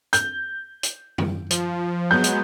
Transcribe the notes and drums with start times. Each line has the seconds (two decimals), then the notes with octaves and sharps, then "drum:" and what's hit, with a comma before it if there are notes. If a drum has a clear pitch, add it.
0.13 G6, drum: hi-hat
0.83 drum: hi-hat
1.18 drum: tom
1.51 F3, drum: hi-hat
2.11 F#3 G#3 B3 G6
2.24 drum: hi-hat